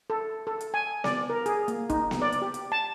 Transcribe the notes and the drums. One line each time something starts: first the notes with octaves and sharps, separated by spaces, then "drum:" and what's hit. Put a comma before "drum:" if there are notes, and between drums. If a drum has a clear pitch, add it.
A4
A4
drum: hi-hat
G#5
D5, drum: snare B3
A#4
G#4, drum: hi-hat
A#3, drum: hi-hat
D#4, drum: kick, hi-hat
drum: snare B3
D5
drum: hi-hat
G4
drum: hi-hat
A5